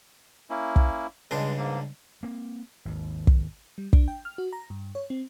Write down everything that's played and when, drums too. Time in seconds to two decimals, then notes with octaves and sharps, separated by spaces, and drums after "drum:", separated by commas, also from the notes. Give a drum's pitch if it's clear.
0.50 A#3 C#4 E4
0.76 drum: kick
1.31 C#2 G2 G#3 D4
1.57 G#2 A#3
2.23 A#3 C4
2.85 G#1 D#2
3.27 drum: kick
3.78 G3
3.93 D4, drum: kick
4.08 G5
4.25 F6
4.38 F#4
4.53 A#5
4.70 G2
4.95 C#5
5.10 C4